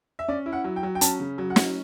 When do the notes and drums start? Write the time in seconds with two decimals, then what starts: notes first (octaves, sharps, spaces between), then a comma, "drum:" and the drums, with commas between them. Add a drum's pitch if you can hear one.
0.19 E5
0.28 C#4 D5
0.46 E4
0.53 F#5
0.64 F#3
0.76 G5
0.83 F#3
0.95 G5
1.01 C#4 A5, drum: hi-hat
1.20 C#3
1.38 F#3
1.50 F#5
1.56 C#4, drum: snare